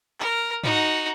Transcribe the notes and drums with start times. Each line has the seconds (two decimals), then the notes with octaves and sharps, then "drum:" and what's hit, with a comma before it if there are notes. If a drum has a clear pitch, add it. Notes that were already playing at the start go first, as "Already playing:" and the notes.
0.20 A#4, drum: clap
0.64 D#4 F#4, drum: tom G#2